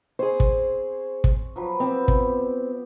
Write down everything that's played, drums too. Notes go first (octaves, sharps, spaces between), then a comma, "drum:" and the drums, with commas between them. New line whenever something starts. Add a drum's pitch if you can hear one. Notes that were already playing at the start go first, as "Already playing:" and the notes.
C4 G#4 C5 C#5
drum: kick
drum: kick
F3 F#3 B4
B3 C4 G4
drum: kick